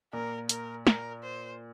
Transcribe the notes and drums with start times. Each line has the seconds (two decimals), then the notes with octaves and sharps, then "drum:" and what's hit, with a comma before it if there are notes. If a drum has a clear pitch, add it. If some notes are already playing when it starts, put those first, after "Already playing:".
0.13 A#2 A#4
0.49 A#4, drum: hi-hat
0.87 A#4, drum: snare
1.23 C5